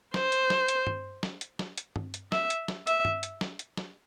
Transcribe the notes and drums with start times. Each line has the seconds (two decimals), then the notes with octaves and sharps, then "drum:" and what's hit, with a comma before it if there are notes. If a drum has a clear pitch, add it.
0.14 C5, drum: snare
0.32 drum: hi-hat
0.50 drum: snare
0.68 drum: hi-hat
0.87 drum: tom G2
1.23 drum: snare
1.41 drum: hi-hat
1.59 drum: snare
1.77 drum: hi-hat
1.96 drum: tom G2
2.14 drum: hi-hat
2.32 E5, drum: snare
2.50 drum: hi-hat
2.68 drum: snare
2.87 E5, drum: hi-hat
3.05 drum: tom G2
3.23 drum: hi-hat
3.41 drum: snare
3.59 drum: hi-hat
3.77 drum: snare